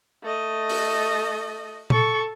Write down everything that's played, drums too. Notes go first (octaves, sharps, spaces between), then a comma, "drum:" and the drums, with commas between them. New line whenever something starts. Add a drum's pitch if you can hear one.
A3 D#5
drum: open hi-hat
A4 C#6, drum: tom A#2